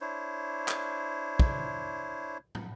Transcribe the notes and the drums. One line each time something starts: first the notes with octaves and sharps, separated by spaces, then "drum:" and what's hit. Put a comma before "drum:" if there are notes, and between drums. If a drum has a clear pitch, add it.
D4 E4 C5 C#5
drum: clap
drum: kick
drum: tom